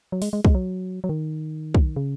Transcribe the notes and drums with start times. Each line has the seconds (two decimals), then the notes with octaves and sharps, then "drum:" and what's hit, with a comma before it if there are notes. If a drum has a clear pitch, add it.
0.12 F#3
0.22 G#3, drum: open hi-hat
0.33 G#3
0.45 G#3, drum: kick
0.55 F#3
1.04 F#3
1.09 D#3
1.74 drum: kick
1.96 C#3